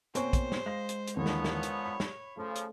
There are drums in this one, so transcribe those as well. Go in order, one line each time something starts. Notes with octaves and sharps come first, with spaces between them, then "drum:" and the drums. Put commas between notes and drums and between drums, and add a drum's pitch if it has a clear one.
B2 A#3 C4 C5 C#5 G#5 C#6, drum: hi-hat
drum: kick, hi-hat
drum: snare
G#3 F5 A#6
drum: hi-hat
drum: hi-hat
A#1 D#2 D3 E3 F3 B3 C#5
drum: snare
drum: snare
drum: hi-hat
B5
drum: snare
C#3 F3 A3
drum: hi-hat